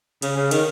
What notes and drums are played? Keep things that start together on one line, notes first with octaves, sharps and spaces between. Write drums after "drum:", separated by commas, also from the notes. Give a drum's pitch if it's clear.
C#3, drum: cymbal
C#3
D#3, drum: cymbal